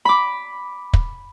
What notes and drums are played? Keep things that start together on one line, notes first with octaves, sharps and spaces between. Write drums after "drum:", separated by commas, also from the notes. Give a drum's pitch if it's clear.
B5 D6
drum: kick